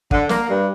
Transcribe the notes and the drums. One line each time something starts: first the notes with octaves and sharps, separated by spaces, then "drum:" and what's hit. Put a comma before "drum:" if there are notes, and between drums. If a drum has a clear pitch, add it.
D3, drum: kick
A#3, drum: snare
G2